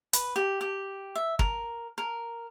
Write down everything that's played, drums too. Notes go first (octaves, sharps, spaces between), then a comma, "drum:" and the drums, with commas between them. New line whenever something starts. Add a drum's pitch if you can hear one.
B4, drum: hi-hat
G4
G4
E5
A#4, drum: kick
A#4